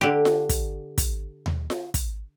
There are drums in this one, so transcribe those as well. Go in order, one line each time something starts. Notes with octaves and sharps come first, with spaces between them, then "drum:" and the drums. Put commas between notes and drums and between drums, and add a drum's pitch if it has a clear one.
D3 G4
drum: snare F4
drum: kick, hi-hat
drum: kick, hi-hat
drum: tom D#2
drum: snare F4
drum: kick, hi-hat